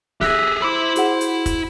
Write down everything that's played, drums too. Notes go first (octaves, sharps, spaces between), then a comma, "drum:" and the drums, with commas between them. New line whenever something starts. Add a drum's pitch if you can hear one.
G4 G#4 E5 F#6 A#6, drum: snare
E4 C5 B5 D6 E6
F#4 G#4 F#5, drum: hi-hat
drum: hi-hat
drum: kick, hi-hat